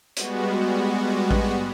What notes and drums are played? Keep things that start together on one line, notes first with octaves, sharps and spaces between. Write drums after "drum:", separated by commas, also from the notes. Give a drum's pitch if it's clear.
G3 G#3 B3 F#4, drum: hi-hat
drum: kick A1